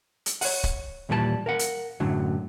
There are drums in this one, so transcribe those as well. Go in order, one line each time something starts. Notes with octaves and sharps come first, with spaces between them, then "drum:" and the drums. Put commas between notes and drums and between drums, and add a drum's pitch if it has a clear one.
drum: hi-hat
C#5 F#5, drum: open hi-hat
drum: kick
D#2 A#2 E3 G3 G#4 A5
A#4 F5 F#5
drum: hi-hat
F#2 A2 D3 F#3